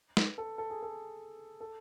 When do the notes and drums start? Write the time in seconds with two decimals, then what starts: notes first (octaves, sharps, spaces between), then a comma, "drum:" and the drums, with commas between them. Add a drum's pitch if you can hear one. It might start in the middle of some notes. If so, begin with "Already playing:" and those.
0.17 B4, drum: snare
0.38 A4
0.58 A4
0.70 G#4
0.83 A4
1.61 A4